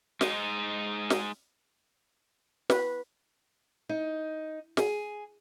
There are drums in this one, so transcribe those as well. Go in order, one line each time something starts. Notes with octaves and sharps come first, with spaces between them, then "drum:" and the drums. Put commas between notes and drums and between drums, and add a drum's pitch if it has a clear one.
G#3 D#4, drum: snare
drum: snare
B4, drum: snare
D#4
G#4, drum: snare